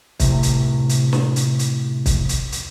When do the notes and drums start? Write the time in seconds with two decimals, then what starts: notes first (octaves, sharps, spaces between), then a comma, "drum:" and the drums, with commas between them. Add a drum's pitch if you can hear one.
0.20 A2 C3, drum: kick, hi-hat
0.43 drum: hi-hat
0.89 drum: hi-hat
1.13 drum: snare
1.36 drum: hi-hat
1.59 drum: hi-hat
2.06 drum: kick, hi-hat
2.29 drum: hi-hat
2.52 drum: hi-hat